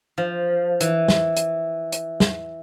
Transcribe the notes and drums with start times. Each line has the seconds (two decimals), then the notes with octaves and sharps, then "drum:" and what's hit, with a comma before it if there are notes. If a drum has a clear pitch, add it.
0.18 F3
0.81 E3, drum: hi-hat
1.08 drum: snare
1.36 drum: hi-hat
1.92 drum: hi-hat
2.20 drum: snare